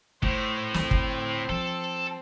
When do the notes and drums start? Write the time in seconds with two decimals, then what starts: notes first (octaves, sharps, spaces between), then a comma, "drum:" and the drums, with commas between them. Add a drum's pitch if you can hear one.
0.23 A2 A3 C5, drum: kick G1
0.74 D2 C4, drum: snare
0.91 drum: kick G1
1.49 F3 A4